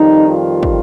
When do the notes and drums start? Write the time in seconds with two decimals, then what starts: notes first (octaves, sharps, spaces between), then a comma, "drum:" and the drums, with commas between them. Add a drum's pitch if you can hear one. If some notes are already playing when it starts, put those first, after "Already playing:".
Already playing: F2 D#3 G3 D#4
0.29 F4
0.63 drum: kick